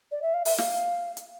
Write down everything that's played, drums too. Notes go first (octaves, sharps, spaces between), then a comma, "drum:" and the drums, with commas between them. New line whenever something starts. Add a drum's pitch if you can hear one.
D5
E5
F5
E5, drum: open hi-hat
F5, drum: snare
drum: hi-hat